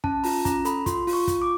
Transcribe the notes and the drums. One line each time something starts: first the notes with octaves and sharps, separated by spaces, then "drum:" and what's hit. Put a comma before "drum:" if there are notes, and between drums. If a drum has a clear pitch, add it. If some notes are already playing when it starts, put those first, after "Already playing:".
C#4 A5, drum: kick
F4 A#5, drum: open hi-hat
C#4 A#5, drum: kick, hi-hat
A4 B5, drum: hi-hat
F4 C6, drum: kick, hi-hat
F4, drum: open hi-hat
C#6
F4, drum: kick, hi-hat
D6